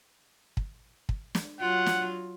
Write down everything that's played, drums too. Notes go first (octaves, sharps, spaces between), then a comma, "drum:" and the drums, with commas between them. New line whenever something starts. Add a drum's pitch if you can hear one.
drum: kick
drum: kick
drum: snare
F#3 F4 F#5
drum: snare